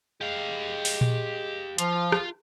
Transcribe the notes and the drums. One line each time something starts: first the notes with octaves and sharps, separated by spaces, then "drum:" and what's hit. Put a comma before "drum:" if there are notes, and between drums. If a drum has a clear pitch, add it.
G#3 G4 F5
drum: open hi-hat
drum: tom A#2
F3 F4, drum: hi-hat
drum: rim click